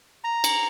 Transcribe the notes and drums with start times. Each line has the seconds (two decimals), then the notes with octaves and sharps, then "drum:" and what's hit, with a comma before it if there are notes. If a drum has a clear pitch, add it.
0.24 A#5
0.44 drum: cymbal